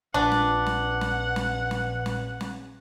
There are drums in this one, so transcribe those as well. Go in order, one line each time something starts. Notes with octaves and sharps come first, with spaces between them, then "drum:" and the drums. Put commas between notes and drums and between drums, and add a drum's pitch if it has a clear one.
A#1 A#2 D4 B4 F#5
drum: snare
drum: snare
drum: snare
drum: snare
drum: snare
drum: snare
drum: snare